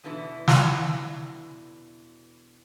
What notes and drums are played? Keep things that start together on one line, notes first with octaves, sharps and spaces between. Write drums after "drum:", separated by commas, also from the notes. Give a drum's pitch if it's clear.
E2 B2 D3 E3 E4
drum: snare